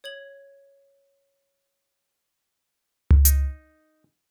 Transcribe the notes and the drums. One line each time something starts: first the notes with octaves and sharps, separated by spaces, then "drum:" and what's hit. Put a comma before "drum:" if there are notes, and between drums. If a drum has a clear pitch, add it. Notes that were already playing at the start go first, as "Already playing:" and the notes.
C#5 G#6 F#7
drum: tom C#2
D#4, drum: hi-hat